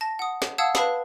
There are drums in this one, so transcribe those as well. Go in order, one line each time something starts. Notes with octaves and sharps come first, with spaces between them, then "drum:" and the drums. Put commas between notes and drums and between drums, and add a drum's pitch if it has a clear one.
A5 A#6
F#5 D#6
drum: snare
F5 F#5 A5 D#6 E6 G#6
B4 F5 A5 B5 D#6, drum: snare